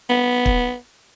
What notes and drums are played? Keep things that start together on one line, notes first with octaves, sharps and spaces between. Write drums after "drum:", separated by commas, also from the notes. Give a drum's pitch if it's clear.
B3
drum: kick